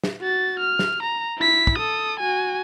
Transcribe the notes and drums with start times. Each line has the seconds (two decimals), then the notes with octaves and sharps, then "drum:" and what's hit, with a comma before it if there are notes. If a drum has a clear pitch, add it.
0.04 drum: snare
0.21 F#4 A6
0.59 F6
0.79 drum: snare
1.03 A#5
1.37 E4 B6
1.67 drum: kick
1.78 A4 D#6
2.20 F#4 G#5